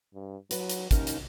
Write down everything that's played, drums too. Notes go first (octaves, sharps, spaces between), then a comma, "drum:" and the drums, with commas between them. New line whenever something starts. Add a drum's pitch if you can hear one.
G2
F#3 B4, drum: hi-hat
drum: hi-hat
D#2 C#4 D#4 A#4, drum: kick, hi-hat
drum: hi-hat